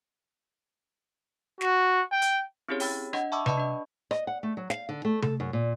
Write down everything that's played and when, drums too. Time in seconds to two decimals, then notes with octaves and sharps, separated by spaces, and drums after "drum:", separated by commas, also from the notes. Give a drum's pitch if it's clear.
1.61 F#4, drum: snare
2.11 G5
2.22 drum: hi-hat
2.68 C4 C#4 E4 G4 G#4 C#5
2.80 C#5 G5 B5 E6 A6, drum: open hi-hat
3.13 D4 D#5 F#5, drum: rim click
3.32 E5 A5 B5 C#6 D6 E6
3.46 B4 D5 D#5 A5 B5 C#6, drum: tom C3
3.58 D4 D#5
4.11 D#5, drum: rim click
4.27 F#5
4.43 A3
4.57 F#3
4.70 F5, drum: snare
4.89 D3
5.05 A3
5.22 A4, drum: tom C3
5.40 F#2
5.53 A#2